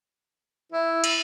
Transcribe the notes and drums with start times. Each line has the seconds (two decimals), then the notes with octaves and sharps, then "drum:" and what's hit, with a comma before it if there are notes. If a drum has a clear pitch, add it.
0.72 E4
1.04 drum: cymbal